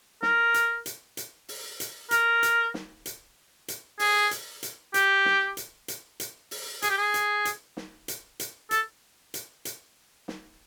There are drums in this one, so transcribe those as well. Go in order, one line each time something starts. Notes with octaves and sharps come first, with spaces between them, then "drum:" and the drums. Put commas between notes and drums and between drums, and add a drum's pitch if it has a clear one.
A#4, drum: snare
drum: hi-hat
drum: hi-hat
drum: hi-hat
drum: open hi-hat
drum: hi-hat
A#4, drum: hi-hat
drum: hi-hat
drum: snare
drum: hi-hat
drum: hi-hat
G#4, drum: open hi-hat
drum: hi-hat
drum: hi-hat
G4, drum: hi-hat
drum: snare
drum: hi-hat
drum: hi-hat
drum: hi-hat
drum: open hi-hat
G#4, drum: hi-hat
G4
G#4
drum: hi-hat
drum: hi-hat
drum: snare
drum: hi-hat
drum: hi-hat
A4, drum: hi-hat
drum: hi-hat
drum: hi-hat
drum: snare